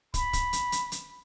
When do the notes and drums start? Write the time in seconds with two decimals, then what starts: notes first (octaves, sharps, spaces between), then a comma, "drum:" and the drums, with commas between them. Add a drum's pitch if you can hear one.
0.14 B5, drum: kick, hi-hat
0.33 drum: kick, hi-hat
0.53 drum: hi-hat
0.72 drum: hi-hat
0.92 drum: hi-hat